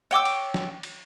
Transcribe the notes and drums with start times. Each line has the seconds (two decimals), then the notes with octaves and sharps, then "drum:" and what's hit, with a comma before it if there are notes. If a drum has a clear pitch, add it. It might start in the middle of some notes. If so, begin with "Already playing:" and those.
0.11 C#5 G5 D6 E6
0.25 drum: cymbal
0.54 drum: snare
0.83 drum: cymbal